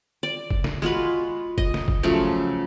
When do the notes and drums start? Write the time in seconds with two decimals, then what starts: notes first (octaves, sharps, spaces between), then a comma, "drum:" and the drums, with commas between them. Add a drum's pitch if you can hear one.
0.23 D5
0.51 drum: kick F#1
0.64 drum: snare
0.82 G#3 F4 F#4 B4
1.58 D#5, drum: kick F#1
1.74 drum: snare
1.88 drum: kick F#1
2.03 C#3 F3 F#3 A3